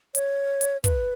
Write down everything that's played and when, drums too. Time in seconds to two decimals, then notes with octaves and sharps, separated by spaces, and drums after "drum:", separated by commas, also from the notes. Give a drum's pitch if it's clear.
0.15 C#5, drum: hi-hat
0.61 drum: hi-hat
0.84 B4, drum: kick, hi-hat